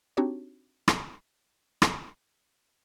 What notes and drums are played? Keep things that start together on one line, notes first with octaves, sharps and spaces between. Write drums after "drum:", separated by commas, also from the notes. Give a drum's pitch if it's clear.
C4 D4 D#4 F#4 G4 C#5
drum: rim click
drum: rim click